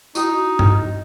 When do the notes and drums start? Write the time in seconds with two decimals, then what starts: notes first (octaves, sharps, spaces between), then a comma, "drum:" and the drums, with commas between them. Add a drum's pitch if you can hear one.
0.15 D#4 E4 F#4, drum: tambourine
0.59 drum: tom G2